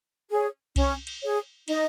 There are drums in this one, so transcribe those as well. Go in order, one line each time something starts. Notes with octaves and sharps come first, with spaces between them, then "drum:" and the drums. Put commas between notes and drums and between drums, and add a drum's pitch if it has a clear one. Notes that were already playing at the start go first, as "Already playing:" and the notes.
G#4 C#5
C#4, drum: kick C2, cymbal
drum: cymbal
G#4 C#5
D#4 D#5, drum: cymbal